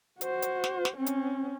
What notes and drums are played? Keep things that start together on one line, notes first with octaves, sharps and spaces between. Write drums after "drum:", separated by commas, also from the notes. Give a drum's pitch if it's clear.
F#4 C5, drum: hi-hat
drum: hi-hat
drum: snare
drum: snare
C4 C#4
drum: hi-hat